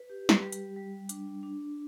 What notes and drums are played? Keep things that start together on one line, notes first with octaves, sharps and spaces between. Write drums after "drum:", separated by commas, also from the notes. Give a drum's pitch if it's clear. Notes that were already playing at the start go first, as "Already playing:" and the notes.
Already playing: B4
G4
drum: snare
G3
drum: hi-hat
G3
D4, drum: hi-hat
D4